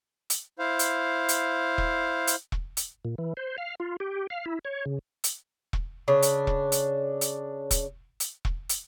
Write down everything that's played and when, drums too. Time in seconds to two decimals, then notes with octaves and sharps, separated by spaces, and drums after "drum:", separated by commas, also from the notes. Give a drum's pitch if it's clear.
0.30 drum: hi-hat
0.59 E4 C5 F5
0.79 drum: hi-hat
1.29 drum: hi-hat
1.78 drum: kick E1
2.27 drum: hi-hat
2.52 drum: kick E1
2.77 drum: hi-hat
3.05 A#2
3.18 E3
3.37 C5
3.58 F5
3.80 F4
4.00 G4
4.30 F5
4.46 E4
4.65 C#5
4.86 C#3
5.24 drum: hi-hat
5.73 drum: kick E1
6.08 C#3 D4
6.22 drum: hi-hat
6.47 drum: kick E1
6.72 drum: hi-hat
7.21 drum: hi-hat
7.71 drum: kick E1, hi-hat
8.20 drum: hi-hat
8.45 drum: kick E1
8.69 drum: hi-hat